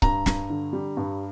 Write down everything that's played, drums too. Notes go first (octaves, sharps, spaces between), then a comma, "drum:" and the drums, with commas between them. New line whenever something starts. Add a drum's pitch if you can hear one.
G2 A#5, drum: kick C#1
G2, drum: snare
D3
G3
G2